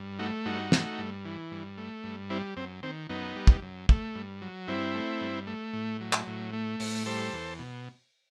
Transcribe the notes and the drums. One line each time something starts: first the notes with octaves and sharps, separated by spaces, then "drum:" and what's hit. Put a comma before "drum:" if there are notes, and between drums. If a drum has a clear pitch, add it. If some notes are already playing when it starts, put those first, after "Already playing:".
Already playing: G2
A3 D#4 F#4
G2 D#4 F#4
A3, drum: snare
G2
E3
G2
A3
G2
G3 C4 E4
F#2 C4
D#3 C4
F#2 B3 D#4
G3
drum: kick
F#2
A3, drum: kick
G2
F#3
G2 C4 E4
A3
G2
A3
A2
F#3
drum: clap
A2
A3
A2, drum: open hi-hat
G3 A4 C5
E2
B2